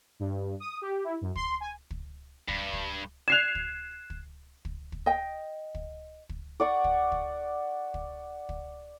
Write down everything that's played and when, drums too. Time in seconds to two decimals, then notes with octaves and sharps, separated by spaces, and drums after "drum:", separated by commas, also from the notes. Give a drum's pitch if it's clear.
0.20 G2
0.60 D#6
0.82 G4
1.04 E4
1.21 F#2
1.35 C6, drum: kick
1.60 G#5
1.91 drum: kick
2.48 G2, drum: kick
2.73 drum: kick
3.28 F#6 G#6 C7 E7 F7
3.55 drum: kick
4.10 drum: kick
4.65 drum: kick
4.92 drum: kick
5.06 D#5 G5
5.75 drum: kick
6.29 drum: kick
6.60 D5 F#5 C#6
6.84 drum: kick
7.12 drum: kick
7.94 drum: kick
8.49 drum: kick